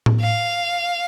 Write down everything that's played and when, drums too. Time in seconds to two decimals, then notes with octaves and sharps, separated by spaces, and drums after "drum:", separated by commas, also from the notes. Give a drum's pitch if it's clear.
0.06 drum: tom A2
0.21 F5